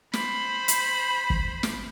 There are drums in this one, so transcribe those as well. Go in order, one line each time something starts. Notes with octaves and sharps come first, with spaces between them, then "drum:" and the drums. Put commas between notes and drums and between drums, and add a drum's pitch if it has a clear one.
C5 B5, drum: snare
drum: hi-hat
drum: kick
drum: snare